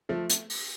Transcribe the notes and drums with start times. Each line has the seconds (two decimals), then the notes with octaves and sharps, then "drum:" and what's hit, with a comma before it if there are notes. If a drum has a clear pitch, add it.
0.09 F3 A3
0.30 drum: hi-hat
0.50 drum: open hi-hat